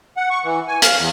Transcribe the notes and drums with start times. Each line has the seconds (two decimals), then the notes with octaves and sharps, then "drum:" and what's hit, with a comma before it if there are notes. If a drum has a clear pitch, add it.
0.17 F#5
0.30 C#6
0.44 E3
0.68 G#5
0.82 F5, drum: hi-hat
0.98 E2